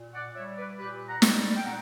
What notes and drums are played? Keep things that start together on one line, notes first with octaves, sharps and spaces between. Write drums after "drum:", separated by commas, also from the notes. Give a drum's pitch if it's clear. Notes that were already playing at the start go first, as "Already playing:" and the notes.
Already playing: A#2
D5 F#5
G3 C#5 E5
B4 D5
A#2 G4 B4
F#5 A#5
G3, drum: snare
G5
A#2 F#5 A#5